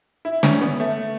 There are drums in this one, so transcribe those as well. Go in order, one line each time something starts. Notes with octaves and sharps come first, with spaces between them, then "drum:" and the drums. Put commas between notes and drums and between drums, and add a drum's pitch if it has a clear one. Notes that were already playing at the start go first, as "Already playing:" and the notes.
E4
C#4, drum: snare
B3
A3